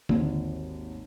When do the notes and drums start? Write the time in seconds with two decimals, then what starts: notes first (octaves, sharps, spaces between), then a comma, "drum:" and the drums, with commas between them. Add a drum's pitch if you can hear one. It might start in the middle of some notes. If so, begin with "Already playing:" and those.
0.09 G#1 D#2, drum: tom D3